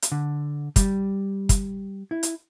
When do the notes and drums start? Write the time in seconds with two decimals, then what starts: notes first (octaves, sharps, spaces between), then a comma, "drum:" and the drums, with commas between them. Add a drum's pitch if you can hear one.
0.02 drum: hi-hat
0.12 D3
0.76 G3, drum: kick, hi-hat
1.49 drum: kick, hi-hat
2.11 E4
2.23 drum: hi-hat